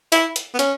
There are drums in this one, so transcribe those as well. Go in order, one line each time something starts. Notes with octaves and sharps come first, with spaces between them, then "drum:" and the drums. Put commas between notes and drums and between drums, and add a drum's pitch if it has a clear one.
E4, drum: hi-hat
drum: hi-hat
B3
C#4, drum: hi-hat